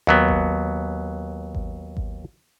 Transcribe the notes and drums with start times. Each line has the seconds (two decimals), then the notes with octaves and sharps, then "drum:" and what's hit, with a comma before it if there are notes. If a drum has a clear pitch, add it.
0.07 D#2 F#3 B3
0.28 drum: kick G#1
1.55 drum: kick G#1
1.97 drum: kick G#1